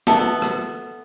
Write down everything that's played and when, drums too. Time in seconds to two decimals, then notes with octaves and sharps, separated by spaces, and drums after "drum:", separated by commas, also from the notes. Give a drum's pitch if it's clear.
0.07 B3 A4 E5, drum: snare
0.42 drum: rim click